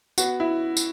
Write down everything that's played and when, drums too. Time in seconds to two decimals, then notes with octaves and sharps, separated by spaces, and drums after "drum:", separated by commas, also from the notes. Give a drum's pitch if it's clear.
0.18 B3 F#4, drum: tambourine
0.40 E4
0.77 drum: tambourine